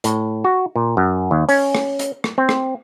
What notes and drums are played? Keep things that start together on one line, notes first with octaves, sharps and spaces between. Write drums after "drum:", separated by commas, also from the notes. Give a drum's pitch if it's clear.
A2, drum: hi-hat
F#4
A#2
F#2
D#2
C#4, drum: open hi-hat
drum: rim click
drum: hi-hat
drum: rim click
C4
drum: rim click